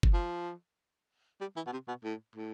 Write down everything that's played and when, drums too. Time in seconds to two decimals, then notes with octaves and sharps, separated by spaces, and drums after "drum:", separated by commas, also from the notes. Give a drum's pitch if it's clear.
0.03 drum: kick F#1
0.14 F3
1.41 G3
1.56 E3
1.67 B2
1.72 C3
1.88 B2
2.04 A2
2.36 A2